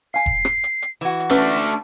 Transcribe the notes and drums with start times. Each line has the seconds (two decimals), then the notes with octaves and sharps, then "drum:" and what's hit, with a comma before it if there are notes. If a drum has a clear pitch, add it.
0.14 F5 G#5 C7
0.26 drum: kick E1
0.45 drum: rim click
0.64 drum: hi-hat
0.82 drum: hi-hat
1.01 E3 F#4, drum: hi-hat
1.20 drum: hi-hat
1.30 A3 C#4 D4 B4 E6 F6
1.57 drum: hi-hat